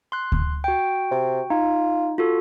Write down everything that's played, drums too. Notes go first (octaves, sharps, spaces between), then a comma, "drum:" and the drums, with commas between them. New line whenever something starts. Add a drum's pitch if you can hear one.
C6 F#6
drum: kick D2
F#4 G5
C3
D#4 F4
F4 F#4 A4